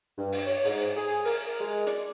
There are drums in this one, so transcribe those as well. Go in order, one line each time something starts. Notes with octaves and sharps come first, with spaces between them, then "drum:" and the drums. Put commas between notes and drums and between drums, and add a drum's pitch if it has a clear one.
G2
drum: open hi-hat
C#5
G#2, drum: open hi-hat
G#4
A#4, drum: open hi-hat
G#3
D5, drum: hi-hat